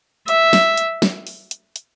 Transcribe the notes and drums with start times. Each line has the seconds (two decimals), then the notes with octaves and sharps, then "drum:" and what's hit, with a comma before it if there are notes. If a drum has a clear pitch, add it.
0.28 E5, drum: hi-hat
0.53 drum: snare
0.78 drum: hi-hat
1.02 drum: snare
1.27 drum: open hi-hat
1.51 drum: hi-hat
1.76 drum: hi-hat